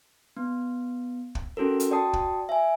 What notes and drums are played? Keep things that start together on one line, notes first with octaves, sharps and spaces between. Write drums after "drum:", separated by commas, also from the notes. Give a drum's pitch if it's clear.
B3
drum: kick
C#4 F#4 A4 A#4
drum: hi-hat
F#4 D5 G5 A5 D#6 C7
drum: kick
E5 G#5